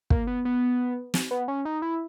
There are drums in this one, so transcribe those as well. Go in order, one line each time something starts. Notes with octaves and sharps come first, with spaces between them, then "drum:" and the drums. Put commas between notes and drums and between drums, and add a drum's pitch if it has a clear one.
A#3, drum: kick
B3
B3
drum: snare
B3
C#4
D#4
E4